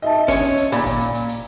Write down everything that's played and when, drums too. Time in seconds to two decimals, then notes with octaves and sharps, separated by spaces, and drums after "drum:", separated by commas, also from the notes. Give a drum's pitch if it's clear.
0.02 D#5 E5 A5
0.28 C#4 C#5, drum: kick, hi-hat
0.43 drum: hi-hat
0.57 drum: hi-hat
0.72 A#2 B5, drum: hi-hat
0.86 drum: kick, hi-hat
1.00 drum: hi-hat
1.14 drum: hi-hat
1.29 drum: hi-hat